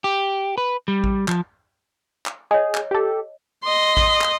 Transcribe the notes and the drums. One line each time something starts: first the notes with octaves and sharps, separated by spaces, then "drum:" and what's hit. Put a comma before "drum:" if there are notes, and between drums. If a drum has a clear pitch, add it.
G4
B4
G3
drum: kick A1
F3, drum: clap
drum: clap
G#4 C#5 D#5
drum: clap
G4 A4
D#5 C6
drum: kick A1
drum: clap